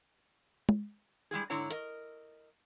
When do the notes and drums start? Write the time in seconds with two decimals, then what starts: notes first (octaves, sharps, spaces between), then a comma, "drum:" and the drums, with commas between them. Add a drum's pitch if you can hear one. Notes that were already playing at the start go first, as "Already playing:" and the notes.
0.69 drum: tom
1.31 G3 G#3 E4 G#4
1.50 G#2 D3 E4 C#5 A#5
1.71 A#4 D#5, drum: hi-hat